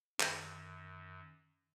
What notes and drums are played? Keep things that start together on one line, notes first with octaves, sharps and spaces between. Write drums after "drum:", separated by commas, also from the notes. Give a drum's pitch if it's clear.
F#2 D#3, drum: clap